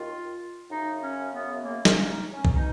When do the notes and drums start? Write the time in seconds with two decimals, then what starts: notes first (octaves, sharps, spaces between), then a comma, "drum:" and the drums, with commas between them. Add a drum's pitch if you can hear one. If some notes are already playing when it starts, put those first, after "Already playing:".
Already playing: D#2 D#3 F4
0.70 F#2 C#3 D#4
1.02 C#4
1.32 B3
1.63 A#3
1.85 C#4, drum: snare
2.09 D#4
2.32 C#4
2.45 drum: kick C2
2.54 B2 D#4